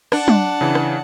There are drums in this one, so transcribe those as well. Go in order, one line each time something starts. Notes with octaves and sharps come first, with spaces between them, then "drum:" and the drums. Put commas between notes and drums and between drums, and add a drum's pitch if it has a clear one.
D4 F#5 A5, drum: rim click
drum: tom
C#3 E3
drum: rim click